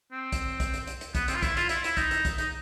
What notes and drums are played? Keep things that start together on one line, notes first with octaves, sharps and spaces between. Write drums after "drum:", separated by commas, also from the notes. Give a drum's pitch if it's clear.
C4
drum: kick, hi-hat
drum: kick, hi-hat
drum: hi-hat
drum: hi-hat
drum: hi-hat
B3, drum: kick, hi-hat
C4, drum: hi-hat
F4
E4, drum: kick, hi-hat
F4, drum: hi-hat
E4, drum: hi-hat
E4, drum: hi-hat
D#4, drum: kick, hi-hat
drum: hi-hat
drum: kick, hi-hat
D#4, drum: hi-hat